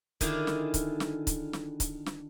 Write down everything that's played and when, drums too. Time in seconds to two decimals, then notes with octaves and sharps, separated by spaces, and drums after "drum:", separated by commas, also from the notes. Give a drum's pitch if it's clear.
0.21 D3 D#3 D4 E4 F4 G#4, drum: kick C#1, hi-hat
0.47 drum: snare
0.74 drum: kick C#1, hi-hat
1.00 drum: snare
1.27 drum: kick C#1, hi-hat
1.53 drum: snare
1.80 drum: kick C#1, hi-hat
2.06 drum: snare